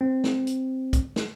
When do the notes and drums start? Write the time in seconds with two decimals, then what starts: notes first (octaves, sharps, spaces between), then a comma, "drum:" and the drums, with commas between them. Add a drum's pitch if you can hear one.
0.01 C4
0.24 drum: snare
0.47 drum: hi-hat
0.93 drum: kick, hi-hat
1.16 drum: snare